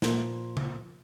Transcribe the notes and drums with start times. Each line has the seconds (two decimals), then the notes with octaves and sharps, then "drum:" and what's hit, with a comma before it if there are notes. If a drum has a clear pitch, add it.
0.02 A#2 F3, drum: snare
0.57 drum: tom C#3